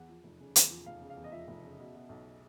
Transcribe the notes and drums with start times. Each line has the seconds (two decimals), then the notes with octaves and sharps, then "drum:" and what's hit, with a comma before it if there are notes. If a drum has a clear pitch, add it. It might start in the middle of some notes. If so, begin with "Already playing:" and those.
Already playing: E2 F#5
0.09 F3
0.24 F1
0.40 C#3
0.56 E2, drum: hi-hat
0.70 F3
0.86 F1 F5
1.01 C#3
1.10 F5
1.17 E2
1.24 D#5
1.32 F3 E5
1.48 F1
1.63 C#3
1.79 B2
1.95 B2
2.09 B1